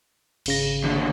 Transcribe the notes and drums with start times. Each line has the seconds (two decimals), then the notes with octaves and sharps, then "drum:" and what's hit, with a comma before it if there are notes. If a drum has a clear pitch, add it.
0.46 G#1 C#3 A#6, drum: cymbal
0.84 D#2 D3